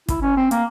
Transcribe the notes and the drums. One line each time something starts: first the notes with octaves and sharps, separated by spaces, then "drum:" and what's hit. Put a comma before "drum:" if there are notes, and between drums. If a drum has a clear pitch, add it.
E4, drum: kick, hi-hat
C#4
C4
A#3, drum: hi-hat